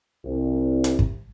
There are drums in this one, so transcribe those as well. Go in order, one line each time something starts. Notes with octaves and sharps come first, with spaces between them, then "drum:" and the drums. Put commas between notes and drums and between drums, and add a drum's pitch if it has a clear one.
C2
drum: hi-hat
drum: kick